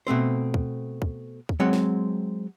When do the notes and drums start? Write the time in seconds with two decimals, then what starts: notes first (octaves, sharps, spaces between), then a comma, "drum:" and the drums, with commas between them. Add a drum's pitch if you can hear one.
0.07 B2 A3 C4 C5
0.54 drum: kick
1.02 drum: kick
1.49 drum: kick
1.60 F#3 G#3 C4 C#5 F#5
1.73 drum: snare